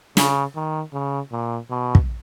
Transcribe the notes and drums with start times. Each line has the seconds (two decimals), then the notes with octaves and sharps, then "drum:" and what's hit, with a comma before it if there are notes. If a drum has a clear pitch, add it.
0.17 C#3, drum: snare
0.56 D#3
0.93 C#3
1.32 A#2
1.70 B2
1.95 drum: kick